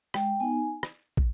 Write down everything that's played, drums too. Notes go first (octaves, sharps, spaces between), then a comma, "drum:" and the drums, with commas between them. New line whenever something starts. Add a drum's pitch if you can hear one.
G#3 G5, drum: rim click
B3 D#4 G#5
drum: rim click
drum: kick